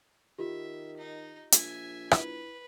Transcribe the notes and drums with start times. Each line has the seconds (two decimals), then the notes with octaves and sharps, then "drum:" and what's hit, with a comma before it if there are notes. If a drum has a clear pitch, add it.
0.39 D#3 F4 G4 E5
0.97 D#4
1.52 A#1 E5 G#5, drum: hi-hat
2.11 E4 B4, drum: rim click